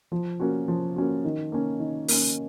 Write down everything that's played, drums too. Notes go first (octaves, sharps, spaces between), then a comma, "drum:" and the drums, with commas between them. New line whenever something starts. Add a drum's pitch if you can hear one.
F3
A#3 C#4 F#4
F3
A#3 C#4 F#4
D#3
A#3 C#4
D#3
A#3 C#4, drum: open hi-hat